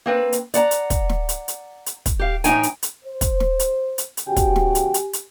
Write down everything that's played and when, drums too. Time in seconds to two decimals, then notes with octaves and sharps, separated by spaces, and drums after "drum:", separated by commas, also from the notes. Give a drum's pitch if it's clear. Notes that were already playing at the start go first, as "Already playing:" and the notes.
0.06 A#3 C4 B4
0.32 drum: hi-hat
0.54 D5 F#5 A5 A#5, drum: hi-hat
0.71 drum: hi-hat
0.90 drum: kick, hi-hat
1.09 drum: snare
1.29 drum: hi-hat
1.48 drum: hi-hat
1.86 drum: hi-hat
2.06 drum: kick, hi-hat
2.19 G4 F5
2.44 A2 E3 F#3 D#4 G5 G#5, drum: hi-hat
2.63 drum: hi-hat
2.83 drum: hi-hat
3.05 C5
3.21 drum: kick, hi-hat
3.40 drum: snare
3.59 drum: hi-hat
3.98 drum: hi-hat
4.17 drum: hi-hat
4.27 E2 C#3 F#4 G4 G5 G#5
4.36 drum: kick, hi-hat
4.56 drum: snare
4.75 drum: hi-hat
4.94 drum: hi-hat
5.13 drum: hi-hat